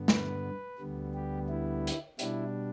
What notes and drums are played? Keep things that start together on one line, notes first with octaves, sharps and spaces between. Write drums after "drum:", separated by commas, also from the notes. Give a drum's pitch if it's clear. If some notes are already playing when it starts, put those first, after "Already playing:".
Already playing: G2 D3 B3
B4, drum: snare A3
D2 D3 G3 B3
G4
E4
drum: hi-hat
B2 G3 D4 E4, drum: hi-hat